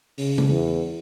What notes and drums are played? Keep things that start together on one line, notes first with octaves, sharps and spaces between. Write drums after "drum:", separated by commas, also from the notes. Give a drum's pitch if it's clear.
C#3, drum: open hi-hat
drum: tom C#3
E2